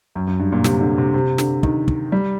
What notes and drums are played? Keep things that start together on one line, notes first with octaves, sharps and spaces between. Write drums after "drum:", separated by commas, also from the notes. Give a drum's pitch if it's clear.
F#2
F#2
G2
A#2
C3, drum: snare
D3
C3
C3
D3, drum: snare
D#3, drum: kick
drum: kick
G3